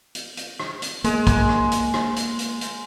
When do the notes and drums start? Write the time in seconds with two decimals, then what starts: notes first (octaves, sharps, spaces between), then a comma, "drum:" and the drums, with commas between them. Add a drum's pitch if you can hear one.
0.15 drum: hi-hat
0.37 drum: hi-hat
0.60 drum: rim click
0.82 drum: hi-hat
1.04 G#3 A#3, drum: hi-hat
1.27 drum: kick, hi-hat
1.49 drum: rim click
1.72 drum: hi-hat
1.94 drum: rim click
2.16 drum: hi-hat
2.39 drum: hi-hat
2.61 drum: hi-hat